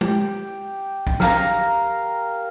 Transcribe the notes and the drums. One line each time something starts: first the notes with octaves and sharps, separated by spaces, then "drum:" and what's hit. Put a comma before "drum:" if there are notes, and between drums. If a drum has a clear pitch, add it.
G4, drum: tom
drum: kick
A#4 F5 A#5, drum: snare